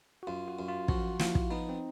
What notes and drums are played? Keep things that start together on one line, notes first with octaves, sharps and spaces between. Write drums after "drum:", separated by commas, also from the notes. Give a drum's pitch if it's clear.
F#4
F#2 F4
F#4
F#2
F4
F3 F#4, drum: kick
F3 E4, drum: snare
drum: kick
B3 D#4
C4